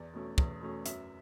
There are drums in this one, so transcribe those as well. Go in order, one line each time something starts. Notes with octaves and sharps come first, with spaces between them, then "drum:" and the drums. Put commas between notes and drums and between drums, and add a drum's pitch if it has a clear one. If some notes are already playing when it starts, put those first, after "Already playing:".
Already playing: E2 D5
B2 A3 C#4
E2, drum: kick
B2 A3 C#4
F#2 E5, drum: hi-hat